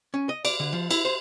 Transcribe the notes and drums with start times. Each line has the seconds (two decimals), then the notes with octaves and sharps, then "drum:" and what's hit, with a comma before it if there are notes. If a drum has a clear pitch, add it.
0.14 C#4
0.29 D#5
0.45 D5, drum: cymbal
0.60 D3
0.73 F3
0.91 E4, drum: cymbal
1.05 C5